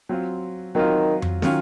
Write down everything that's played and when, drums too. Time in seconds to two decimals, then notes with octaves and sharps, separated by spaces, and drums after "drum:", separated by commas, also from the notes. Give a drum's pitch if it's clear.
0.09 F#3 C4 F4
0.75 D#3 F#3 C4 F4
1.22 drum: tom F2
1.42 D#3 F#3 C#4 F4, drum: snare